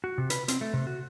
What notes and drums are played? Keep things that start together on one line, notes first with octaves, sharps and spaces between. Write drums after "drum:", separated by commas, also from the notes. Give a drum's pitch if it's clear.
F#4
C3
B4, drum: hi-hat
C4, drum: hi-hat
A3
C3
F#4